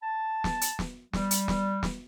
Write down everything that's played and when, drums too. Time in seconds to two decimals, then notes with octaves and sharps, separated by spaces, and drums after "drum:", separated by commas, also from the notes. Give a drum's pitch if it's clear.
0.02 A5
0.44 drum: snare
0.61 drum: hi-hat
0.79 drum: snare
1.13 G3, drum: snare
1.31 drum: hi-hat
1.48 drum: snare
1.83 drum: snare